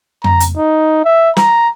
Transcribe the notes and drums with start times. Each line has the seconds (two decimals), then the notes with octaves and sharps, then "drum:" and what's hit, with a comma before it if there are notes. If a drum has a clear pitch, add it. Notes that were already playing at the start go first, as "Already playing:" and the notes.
0.24 A#5, drum: tom F2
0.40 drum: hi-hat
0.58 D#4
1.05 E5
1.37 A#5, drum: snare